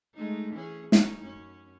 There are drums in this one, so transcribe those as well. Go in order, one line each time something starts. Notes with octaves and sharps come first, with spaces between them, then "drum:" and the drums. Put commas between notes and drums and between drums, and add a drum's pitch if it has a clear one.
G#3 A3 D#4
E3 C#4 G#4
A3 C#4 D#4, drum: snare
F#2 C#4